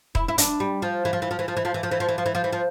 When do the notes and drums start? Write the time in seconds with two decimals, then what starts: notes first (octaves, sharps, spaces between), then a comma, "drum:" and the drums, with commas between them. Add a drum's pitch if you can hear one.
0.15 E4, drum: kick
0.28 E4
0.38 D4, drum: hi-hat
0.60 G3
0.82 F3
1.05 E3
1.13 F3
1.22 E3
1.31 F3
1.39 E3
1.48 F3
1.57 E3
1.65 F3
1.74 E3
1.83 F3
1.91 E3
2.00 F3
2.09 E3
2.18 F3
2.26 E3
2.35 F3
2.44 E3
2.53 F3